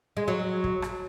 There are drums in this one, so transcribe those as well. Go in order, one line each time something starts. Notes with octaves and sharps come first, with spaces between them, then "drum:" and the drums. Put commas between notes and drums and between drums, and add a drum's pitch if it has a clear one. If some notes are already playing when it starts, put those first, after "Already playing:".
G#3
F#3
drum: kick
drum: rim click